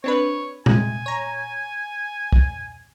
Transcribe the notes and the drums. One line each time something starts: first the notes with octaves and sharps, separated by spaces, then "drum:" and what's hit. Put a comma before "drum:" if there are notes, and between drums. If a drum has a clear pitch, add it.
C4 D4 B4 C#5
C3 G#3 G#5, drum: tom A#2
C#5 A#5
drum: kick